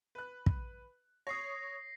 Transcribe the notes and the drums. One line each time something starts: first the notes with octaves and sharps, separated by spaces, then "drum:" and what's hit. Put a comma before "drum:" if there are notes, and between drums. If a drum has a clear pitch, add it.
B4 F#6
drum: kick
C#5 C#6 D#6 A#6 C7